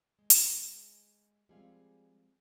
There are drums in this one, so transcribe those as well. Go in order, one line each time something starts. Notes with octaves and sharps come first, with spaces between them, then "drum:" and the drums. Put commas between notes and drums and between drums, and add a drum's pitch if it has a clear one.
G#3
drum: hi-hat
F3 G3 G#3 C4 G#4 F5